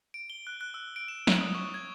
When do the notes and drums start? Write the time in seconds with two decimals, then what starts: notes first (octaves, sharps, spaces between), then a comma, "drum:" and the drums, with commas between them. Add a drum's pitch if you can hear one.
0.14 D7
0.30 G7
0.47 F#6
0.61 F#6
0.74 E6
0.96 D7
1.08 E7
1.27 F#6, drum: snare
1.41 D#6
1.54 C#6
1.74 G#6